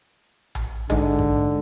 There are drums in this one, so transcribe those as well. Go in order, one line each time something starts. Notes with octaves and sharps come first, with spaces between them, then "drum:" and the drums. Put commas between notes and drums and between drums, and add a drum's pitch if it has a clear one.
drum: tom A#1
G#2 D3 G#3, drum: tom A#1
drum: kick G1